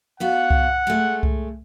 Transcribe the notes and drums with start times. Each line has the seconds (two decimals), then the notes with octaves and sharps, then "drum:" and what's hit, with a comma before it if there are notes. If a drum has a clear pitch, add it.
0.20 B3 F4 F#4 F#5
0.50 drum: kick C2
0.87 G#3 A3
1.23 drum: kick C2